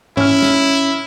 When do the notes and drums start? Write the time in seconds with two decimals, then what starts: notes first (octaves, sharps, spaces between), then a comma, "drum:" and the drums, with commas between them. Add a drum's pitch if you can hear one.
0.17 C#4 E4 F6, drum: tom G#2
0.42 drum: snare